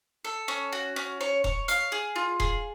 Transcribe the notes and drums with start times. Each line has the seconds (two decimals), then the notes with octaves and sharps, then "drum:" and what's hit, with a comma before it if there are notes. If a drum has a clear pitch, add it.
0.25 A4
0.48 C#4
0.72 F#4
0.96 C#4
1.21 C#5
1.44 C#5, drum: kick E1
1.68 F5, drum: hi-hat
1.92 G#4
2.16 F4
2.40 G#4, drum: kick E1